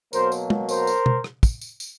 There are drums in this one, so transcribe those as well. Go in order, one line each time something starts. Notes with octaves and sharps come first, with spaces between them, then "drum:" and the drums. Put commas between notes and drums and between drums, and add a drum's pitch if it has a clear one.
B2 F#3 A#3 A#4 C5, drum: tambourine
drum: tambourine
drum: tom
A#4 C5, drum: tambourine
drum: tambourine
drum: tom B2
drum: rim click
drum: kick, tambourine
drum: tambourine
drum: tambourine